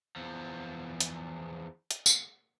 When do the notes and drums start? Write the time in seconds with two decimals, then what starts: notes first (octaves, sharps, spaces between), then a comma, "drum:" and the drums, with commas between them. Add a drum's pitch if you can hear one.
0.16 E2 F3
1.00 drum: hi-hat
1.91 drum: hi-hat
2.06 drum: tambourine